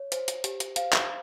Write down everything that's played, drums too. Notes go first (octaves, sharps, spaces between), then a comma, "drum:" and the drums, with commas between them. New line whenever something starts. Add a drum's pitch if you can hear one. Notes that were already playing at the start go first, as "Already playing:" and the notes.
Already playing: C#5
C5, drum: hi-hat
drum: hi-hat
G4, drum: hi-hat
drum: hi-hat
C5 F5, drum: hi-hat
drum: clap